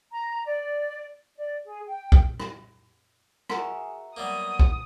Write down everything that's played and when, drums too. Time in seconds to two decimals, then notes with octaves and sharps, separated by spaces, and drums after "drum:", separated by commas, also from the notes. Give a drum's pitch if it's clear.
0.13 A#5
0.45 D5
1.37 D5
1.64 G#4
1.86 G5
2.12 drum: kick
2.40 drum: rim click
3.50 F#4 G#4 A#4 E5, drum: rim click
4.17 F#3 G3 A#3 B3 D#6
4.59 drum: kick